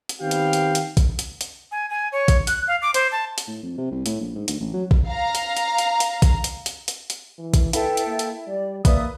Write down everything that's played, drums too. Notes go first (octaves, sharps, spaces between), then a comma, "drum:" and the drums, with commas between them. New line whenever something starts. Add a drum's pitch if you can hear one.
drum: hi-hat
D#3 B3 C4 G4 F5 G5
drum: hi-hat
drum: hi-hat
drum: hi-hat
drum: kick A#1, hi-hat
drum: hi-hat
drum: hi-hat
G#5
G#5
C#5
drum: kick A#1, hi-hat
F#6, drum: hi-hat
F5
D6
C5, drum: hi-hat
A5
drum: hi-hat
A2
F2
C3
C2
A2, drum: hi-hat
A#1
G#2
D2, drum: hi-hat
A1
F#3
drum: kick A#1
F5 A#5
drum: hi-hat
drum: hi-hat
drum: hi-hat
drum: hi-hat
drum: kick A#1, hi-hat
drum: hi-hat
drum: hi-hat
drum: hi-hat
drum: hi-hat
E3
drum: kick A#1, hi-hat
E4 A4 B4 E5 G5, drum: hi-hat
drum: hi-hat
A#3
drum: hi-hat
G3 D5
A#3 B4 D5 E5 D#6, drum: kick A#1, hi-hat